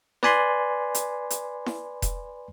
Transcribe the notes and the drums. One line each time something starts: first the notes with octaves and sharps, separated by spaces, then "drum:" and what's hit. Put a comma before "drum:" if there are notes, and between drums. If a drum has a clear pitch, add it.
B4 D5 G#5 B5 C6, drum: snare E4
drum: hi-hat
drum: hi-hat
drum: snare E4
drum: kick E1, hi-hat